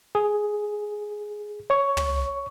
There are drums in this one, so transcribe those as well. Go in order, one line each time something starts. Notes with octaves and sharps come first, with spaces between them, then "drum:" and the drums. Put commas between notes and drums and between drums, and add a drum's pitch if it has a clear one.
G#4
C#5 C#6
drum: tom